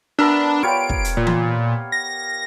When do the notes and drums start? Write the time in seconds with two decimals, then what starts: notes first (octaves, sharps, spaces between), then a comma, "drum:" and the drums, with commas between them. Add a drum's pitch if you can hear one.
0.19 B3 D4 A#4 E5
0.63 G3 F4 C#5 D7
0.89 drum: kick
1.04 drum: hi-hat
1.17 A#2
1.27 drum: tom E3
1.92 A#6